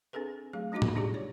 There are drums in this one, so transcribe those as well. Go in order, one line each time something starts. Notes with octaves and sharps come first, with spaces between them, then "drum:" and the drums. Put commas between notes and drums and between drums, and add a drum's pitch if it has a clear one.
C4 D4 G#4 A4 B4
F#3 A3 G#4 F5
G3 D4 D#4 F#4 D#5 D6
drum: tom A2
D4 F4 G4 G#4 D5
C#5 D5